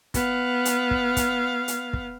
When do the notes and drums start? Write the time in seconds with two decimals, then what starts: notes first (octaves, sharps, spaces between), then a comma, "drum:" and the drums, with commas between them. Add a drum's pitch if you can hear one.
0.14 B3 F5, drum: kick, hi-hat
0.65 drum: hi-hat
0.91 drum: kick
1.17 drum: kick, hi-hat
1.68 drum: hi-hat
1.93 drum: kick